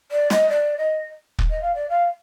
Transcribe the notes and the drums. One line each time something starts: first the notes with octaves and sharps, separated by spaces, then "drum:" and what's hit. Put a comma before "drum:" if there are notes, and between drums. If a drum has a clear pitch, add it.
D5
D#5, drum: snare
D5
D#5
drum: kick
D#5
F5
D5
F5